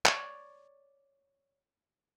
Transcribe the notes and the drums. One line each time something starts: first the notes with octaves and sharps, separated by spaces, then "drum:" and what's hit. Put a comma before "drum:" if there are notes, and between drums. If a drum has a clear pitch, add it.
C#5 D5, drum: clap